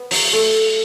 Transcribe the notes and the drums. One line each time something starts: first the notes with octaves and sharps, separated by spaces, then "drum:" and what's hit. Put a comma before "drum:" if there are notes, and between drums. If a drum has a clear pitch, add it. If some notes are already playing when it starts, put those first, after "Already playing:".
Already playing: B3
F#3, drum: open hi-hat
A3